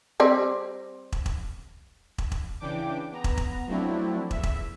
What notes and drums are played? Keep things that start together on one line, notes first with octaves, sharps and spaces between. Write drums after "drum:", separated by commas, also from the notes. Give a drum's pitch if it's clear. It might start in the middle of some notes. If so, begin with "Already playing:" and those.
G3 C4 D5
drum: kick
drum: kick
drum: kick
drum: kick
C#3 E3 D4 G5 D6
B3 A#5
drum: kick
drum: kick
F3 F#3 A3 C4 D4 E4
E2 E5, drum: kick
drum: kick